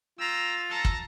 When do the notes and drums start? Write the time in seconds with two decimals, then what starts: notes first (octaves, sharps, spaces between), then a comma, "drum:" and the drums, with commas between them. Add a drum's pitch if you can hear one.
0.20 F4 G5 A#5 E6
0.70 A4 A5 A#5
0.85 drum: kick